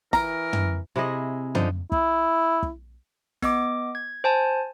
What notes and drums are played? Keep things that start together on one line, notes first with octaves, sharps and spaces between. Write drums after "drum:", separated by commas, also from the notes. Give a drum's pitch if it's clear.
E3 A#4 A#5, drum: snare
drum: tom
C3 E4 G#4 D#5
D3 F3 D#4, drum: tom
E4, drum: kick
drum: kick
B3 D#5 D6, drum: snare
G#6
C5 G#5 A5